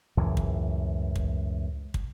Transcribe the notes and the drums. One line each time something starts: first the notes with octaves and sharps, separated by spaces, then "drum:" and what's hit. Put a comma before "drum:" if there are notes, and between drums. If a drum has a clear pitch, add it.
C#2 F#2 A2 E3
drum: kick
drum: kick
drum: kick